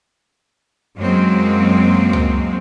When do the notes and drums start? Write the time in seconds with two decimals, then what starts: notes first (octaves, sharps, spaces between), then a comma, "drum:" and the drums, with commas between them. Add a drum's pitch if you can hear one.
0.97 F#2 F#3 G#3 A#3 C4
2.13 drum: tom C#2